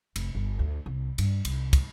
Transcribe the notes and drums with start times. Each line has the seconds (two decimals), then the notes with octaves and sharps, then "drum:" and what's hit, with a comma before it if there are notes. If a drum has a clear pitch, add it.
0.16 F1, drum: cymbal
0.35 G1
0.59 D2
0.86 C2
1.18 G2, drum: cymbal
1.45 C2, drum: cymbal
1.73 drum: kick, cymbal